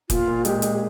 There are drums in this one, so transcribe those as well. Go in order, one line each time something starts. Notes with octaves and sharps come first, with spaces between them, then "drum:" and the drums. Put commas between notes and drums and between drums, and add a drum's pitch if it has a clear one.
A#2 F4, drum: kick, hi-hat
A#2
G#3 G4, drum: hi-hat
G#3, drum: hi-hat
G#4